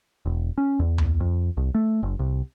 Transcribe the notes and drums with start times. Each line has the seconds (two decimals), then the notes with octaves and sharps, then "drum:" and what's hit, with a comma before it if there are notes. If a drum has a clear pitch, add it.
0.26 E1
0.58 C#4
0.80 E2
0.98 drum: tom C#2
1.20 F2
1.57 C2
1.75 A3
2.03 F#1
2.19 C2